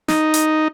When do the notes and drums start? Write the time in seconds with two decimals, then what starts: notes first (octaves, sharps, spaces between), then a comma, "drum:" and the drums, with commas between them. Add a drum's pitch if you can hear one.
0.08 D#4, drum: snare
0.34 drum: hi-hat